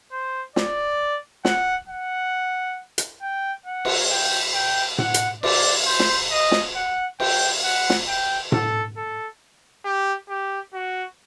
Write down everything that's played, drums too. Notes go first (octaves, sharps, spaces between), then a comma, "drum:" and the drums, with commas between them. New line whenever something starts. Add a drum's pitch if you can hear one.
C5
D5, drum: snare
F#5, drum: snare
F#5
drum: hi-hat
G5
F#5
drum: cymbal
G5
G5
F#5, drum: tom A2
drum: hi-hat
D5, drum: cymbal
C5
drum: snare
D#5
drum: snare
F#5
G5, drum: cymbal
F#5
drum: snare
G5
A4, drum: tom A2
A4
G4
G4
F#4